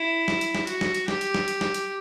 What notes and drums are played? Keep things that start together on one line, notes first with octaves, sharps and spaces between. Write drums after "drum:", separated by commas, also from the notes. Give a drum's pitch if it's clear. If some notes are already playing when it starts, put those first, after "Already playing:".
Already playing: E4
drum: snare
drum: hi-hat
drum: snare
F#4, drum: hi-hat
drum: snare
drum: hi-hat
G4, drum: snare
drum: hi-hat
drum: snare
drum: hi-hat
drum: snare
drum: hi-hat